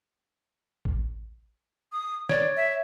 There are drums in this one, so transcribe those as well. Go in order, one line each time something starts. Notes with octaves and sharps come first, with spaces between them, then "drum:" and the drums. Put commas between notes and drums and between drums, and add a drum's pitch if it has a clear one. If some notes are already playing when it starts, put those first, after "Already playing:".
drum: kick A1
D#6
C#5 D5, drum: snare
E5